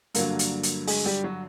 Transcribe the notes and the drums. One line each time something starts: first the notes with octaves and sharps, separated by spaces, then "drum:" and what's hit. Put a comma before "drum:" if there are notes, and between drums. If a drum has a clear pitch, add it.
G2 D3 F#3 A#3 A#4, drum: hi-hat
drum: hi-hat
drum: hi-hat
G#3 G#4, drum: open hi-hat
G3 G4
F#3 F#4